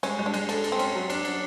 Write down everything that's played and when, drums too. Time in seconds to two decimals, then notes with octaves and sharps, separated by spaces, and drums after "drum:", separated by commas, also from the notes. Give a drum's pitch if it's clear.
0.03 G#3 C#4, drum: cymbal
0.19 G#3
0.26 D4
0.34 G#3, drum: cymbal
0.49 D4 A4, drum: cymbal
0.64 A4, drum: cymbal
0.72 C4
0.79 C#4, drum: cymbal
0.95 F#3
1.10 D4, drum: cymbal
1.25 F#3, drum: cymbal